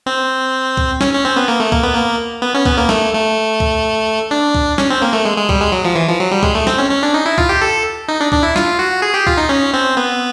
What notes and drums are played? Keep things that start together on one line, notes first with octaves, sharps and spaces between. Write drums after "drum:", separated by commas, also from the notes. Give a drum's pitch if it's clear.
C4
drum: kick
C#4, drum: snare
C#4
C4
B3
A#3
A3
A#3, drum: kick
B3
A#3
B3
C#4
B3, drum: kick
A#3
A3, drum: snare
A3
drum: kick
D4
drum: kick
C#4, drum: snare
C4
A#3
A3
G#3
G#3
G3, drum: kick
G#3
F#3
F3
E3
F3
F#3
G3
G#3, drum: kick
A3
C4, drum: snare
C#4
C#4
D4
D#4
E4
F4, drum: kick
G4
A4
D#4
D4
D4, drum: kick
E4
F4, drum: snare
F#4
G#4
G4
F4, drum: kick
D#4
C#4
C4
B3